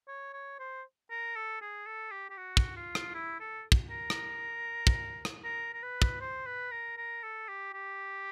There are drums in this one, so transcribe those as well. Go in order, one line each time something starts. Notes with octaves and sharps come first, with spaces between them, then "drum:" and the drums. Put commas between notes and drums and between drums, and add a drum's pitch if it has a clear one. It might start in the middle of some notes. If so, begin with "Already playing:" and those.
C#5
C#5
C5
A#4
A4
G#4
A4
G4
G4
F#4
drum: kick
F4
drum: rim click
E4
A4
drum: kick
A#4
drum: rim click
drum: kick
drum: rim click
A#4
A#4
B4
drum: kick
C5
B4
A#4
A#4
A4
G4
G4